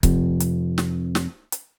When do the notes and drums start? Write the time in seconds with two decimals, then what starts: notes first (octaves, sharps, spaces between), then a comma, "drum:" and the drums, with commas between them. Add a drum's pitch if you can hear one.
0.03 F2 C3, drum: kick C#1, hi-hat
0.40 drum: hi-hat
0.78 drum: snare
1.15 drum: snare
1.52 drum: hi-hat